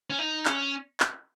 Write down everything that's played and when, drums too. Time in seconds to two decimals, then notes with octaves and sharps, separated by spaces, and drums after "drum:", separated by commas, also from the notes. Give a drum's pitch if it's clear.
0.10 C#4
0.19 D#4
0.46 C#4, drum: clap
1.00 drum: clap